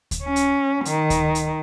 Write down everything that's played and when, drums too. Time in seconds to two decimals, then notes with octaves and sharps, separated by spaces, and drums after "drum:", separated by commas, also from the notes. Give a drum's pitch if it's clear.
0.11 drum: kick D2, hi-hat
0.23 C#4
0.36 drum: hi-hat
0.85 D#3, drum: hi-hat
1.10 drum: kick D2, hi-hat
1.35 drum: hi-hat